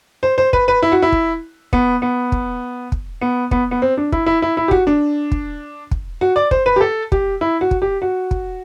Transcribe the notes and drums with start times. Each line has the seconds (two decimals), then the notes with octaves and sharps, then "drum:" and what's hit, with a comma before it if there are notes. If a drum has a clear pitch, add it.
0.23 C5
0.38 C5
0.53 B4, drum: kick
0.68 B4
0.83 E4
0.92 F#4
1.02 E4
1.12 drum: kick
1.73 B3, drum: kick
2.02 B3
2.32 drum: kick
2.92 drum: kick
3.21 B3
3.51 B3, drum: kick
3.71 B3
3.82 C4
3.97 D4
4.12 E4, drum: kick
4.26 E4
4.42 E4
4.57 E4
4.68 G4
4.71 F#4, drum: kick
4.87 D4
5.32 drum: kick
5.91 drum: kick
6.21 F#4
6.36 D5
6.51 C5, drum: kick
6.66 B4
6.76 G4
6.81 A4
7.12 G4, drum: kick
7.41 E4
7.61 F#4
7.71 drum: kick
7.82 G4
8.02 F#4
8.31 drum: kick